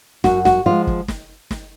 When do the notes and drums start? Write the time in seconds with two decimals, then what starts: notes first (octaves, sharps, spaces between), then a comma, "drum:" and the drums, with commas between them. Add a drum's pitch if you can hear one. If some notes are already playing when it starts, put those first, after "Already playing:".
0.24 F#2 F#4, drum: snare
0.45 F#4, drum: snare
0.66 F3 G#3 F4
0.87 drum: kick
1.08 drum: snare
1.51 drum: snare